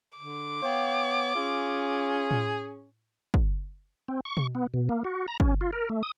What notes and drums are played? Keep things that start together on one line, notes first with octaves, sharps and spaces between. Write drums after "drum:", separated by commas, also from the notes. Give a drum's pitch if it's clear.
D3 D6
B3 C#5 F5 G5
C#4 F4 G#4
drum: tom A2
drum: kick
C4
C#6
drum: tom B2
B3
B2
A#3
F#4
A#5
C#4, drum: kick
F4
A#4
A3
D#6